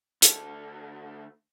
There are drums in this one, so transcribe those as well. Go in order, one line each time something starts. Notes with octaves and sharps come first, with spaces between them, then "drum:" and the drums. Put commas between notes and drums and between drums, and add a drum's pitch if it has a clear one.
D2 A4, drum: hi-hat